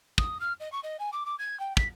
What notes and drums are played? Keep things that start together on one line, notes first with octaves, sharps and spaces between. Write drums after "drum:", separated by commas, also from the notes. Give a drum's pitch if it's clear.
D#6, drum: kick
F6
D#5
C#6
D#5
G#5
D6
D6
G#6
G5
B6, drum: kick